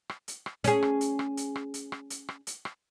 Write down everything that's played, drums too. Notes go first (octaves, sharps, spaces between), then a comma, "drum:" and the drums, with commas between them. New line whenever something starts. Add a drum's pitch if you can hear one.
drum: rim click
drum: hi-hat
drum: rim click
C#4 G#4, drum: hi-hat
drum: rim click
drum: hi-hat
drum: rim click
drum: hi-hat
drum: rim click
drum: hi-hat
drum: rim click
drum: hi-hat
drum: rim click
drum: hi-hat
drum: rim click